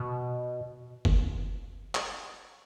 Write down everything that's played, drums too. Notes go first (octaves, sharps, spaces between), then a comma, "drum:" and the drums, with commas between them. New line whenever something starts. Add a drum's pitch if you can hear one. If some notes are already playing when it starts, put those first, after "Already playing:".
Already playing: B2
drum: kick F#1
drum: clap